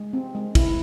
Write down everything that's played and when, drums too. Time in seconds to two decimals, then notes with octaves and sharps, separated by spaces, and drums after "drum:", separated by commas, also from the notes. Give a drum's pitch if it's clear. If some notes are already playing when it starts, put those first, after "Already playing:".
Already playing: G#3
0.13 C4
0.35 G#3
0.55 E4, drum: kick, cymbal